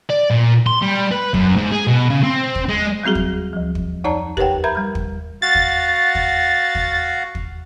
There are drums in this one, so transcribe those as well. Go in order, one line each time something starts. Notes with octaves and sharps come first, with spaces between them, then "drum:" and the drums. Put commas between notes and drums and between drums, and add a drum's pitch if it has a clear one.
D5
A#2
C6
G3
B4
F#2, drum: kick
G#2
G#4
B2
C#3
C4
drum: kick
G#3
F#3 G3 C4 F#4 G#4
drum: kick
D2 F3
drum: kick
F2 D#4 C#5 D5 A5 A#5
G4 A#4 B4 C#5 F#5 G5, drum: kick
A#4 E5 A#5 B5 G6 G#6
G3 F6
drum: kick
F#4 F5 F#5 A6
drum: kick
drum: kick
drum: kick
drum: kick